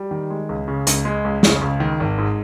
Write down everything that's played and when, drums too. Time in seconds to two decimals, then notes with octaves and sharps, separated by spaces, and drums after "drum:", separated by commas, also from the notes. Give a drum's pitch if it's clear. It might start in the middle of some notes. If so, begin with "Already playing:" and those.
Already playing: G3
0.11 D#3
0.30 G#3
0.49 C#2
0.68 C#3
0.87 C#2, drum: hi-hat
1.05 G#3
1.25 C#2
1.43 C#3, drum: snare
1.61 C#2
1.80 D#3
2.00 G#1
2.18 G#2